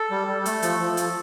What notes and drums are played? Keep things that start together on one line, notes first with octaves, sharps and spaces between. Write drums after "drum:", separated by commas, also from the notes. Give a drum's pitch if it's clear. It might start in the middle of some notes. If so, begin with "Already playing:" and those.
Already playing: A4
G3
G3
A3, drum: hi-hat
F3, drum: hi-hat
F3
drum: hi-hat